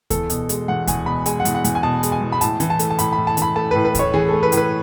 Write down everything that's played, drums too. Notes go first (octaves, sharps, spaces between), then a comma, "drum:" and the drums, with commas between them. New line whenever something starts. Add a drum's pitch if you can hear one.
E2 A4, drum: kick D2, hi-hat
B2, drum: hi-hat
G#3, drum: hi-hat
E2 F#5
E2 G#5, drum: kick D2, hi-hat
B2 B5
G#3 G#5, drum: hi-hat
F#5
E2, drum: hi-hat
F#5
E2, drum: hi-hat
G#5
B2 A5
G#3, drum: hi-hat
G#5
E2
B5
A2 A5, drum: hi-hat
E3, drum: hi-hat
A5
A3, drum: hi-hat
A5
A2 B5, drum: hi-hat
A2 B5
A5
E3 B5, drum: hi-hat
A3 A5
A2 B4
B4
A2 C#5, drum: kick D2, hi-hat
E3 G#4
A3 A4
B4
A2, drum: hi-hat
B4